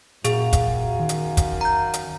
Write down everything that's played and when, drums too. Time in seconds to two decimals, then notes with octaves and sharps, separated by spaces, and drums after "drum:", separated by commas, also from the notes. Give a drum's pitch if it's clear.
0.24 F#2 A#2 G#4 F5, drum: hi-hat
0.53 drum: kick, hi-hat
1.00 D#3
1.09 drum: hi-hat
1.37 drum: kick, hi-hat
1.61 A#5 G6
1.94 drum: hi-hat